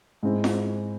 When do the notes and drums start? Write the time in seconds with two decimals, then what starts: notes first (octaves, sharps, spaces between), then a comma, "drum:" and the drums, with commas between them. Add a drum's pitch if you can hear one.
0.23 G#2 G#3 C4 E4
0.44 drum: snare